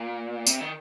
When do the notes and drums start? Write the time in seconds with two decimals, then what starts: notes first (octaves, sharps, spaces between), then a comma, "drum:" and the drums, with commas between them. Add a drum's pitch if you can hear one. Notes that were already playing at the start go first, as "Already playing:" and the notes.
Already playing: A#2
0.47 C3, drum: tambourine
0.61 D#3